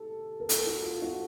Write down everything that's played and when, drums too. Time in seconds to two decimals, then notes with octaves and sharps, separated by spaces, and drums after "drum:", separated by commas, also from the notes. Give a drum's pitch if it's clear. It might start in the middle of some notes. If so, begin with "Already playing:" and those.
Already playing: G4 A4
0.40 A#4
0.49 A4, drum: hi-hat
0.67 F#4
0.84 F4
1.02 F#4